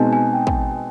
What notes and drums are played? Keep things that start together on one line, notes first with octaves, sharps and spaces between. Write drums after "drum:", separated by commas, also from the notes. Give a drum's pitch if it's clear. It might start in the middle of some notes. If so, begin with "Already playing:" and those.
Already playing: B2 G#3 C4 D#4 G#5 A5
G#5
G5
drum: kick